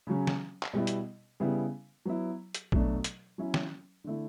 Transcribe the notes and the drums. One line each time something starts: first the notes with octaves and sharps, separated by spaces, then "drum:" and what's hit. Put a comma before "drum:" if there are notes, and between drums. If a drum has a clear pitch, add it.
C#3 F#3 C#4
drum: snare
drum: clap
B2 G3 B3 E4
drum: hi-hat
C#3 G3 B3 E4
F#3 B3 E4
drum: hi-hat
B2 F#3 A3 D4, drum: kick A#1
drum: hi-hat
F#3 C#4 E4
drum: snare
D3 A3 E4